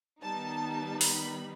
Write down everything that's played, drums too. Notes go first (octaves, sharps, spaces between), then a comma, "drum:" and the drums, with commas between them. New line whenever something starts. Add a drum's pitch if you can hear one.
D#3 G3 B3 D#4 A5
B5, drum: open hi-hat